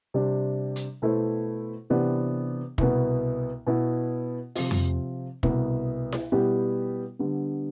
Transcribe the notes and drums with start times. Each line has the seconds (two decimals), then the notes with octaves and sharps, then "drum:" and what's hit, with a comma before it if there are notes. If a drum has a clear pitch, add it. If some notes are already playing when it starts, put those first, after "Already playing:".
0.14 C3 G3 D4
0.76 drum: hi-hat
1.02 B2 A3 E4 A4 C5
1.90 C3 E3 B3 D4 G4
2.78 C2 B2 B3, drum: kick
3.67 B2 B3 E4
4.55 C3 F3 C4 F4, drum: open hi-hat
4.71 drum: tom F2
5.43 C2 B2 B3, drum: kick
6.12 drum: snare E4
6.32 B2 G3 B3 E4 G4
7.19 D3 G3 B3